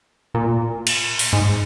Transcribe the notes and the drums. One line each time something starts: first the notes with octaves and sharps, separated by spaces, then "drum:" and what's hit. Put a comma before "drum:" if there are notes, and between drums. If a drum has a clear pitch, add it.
A#2
drum: cymbal
drum: open hi-hat
G#2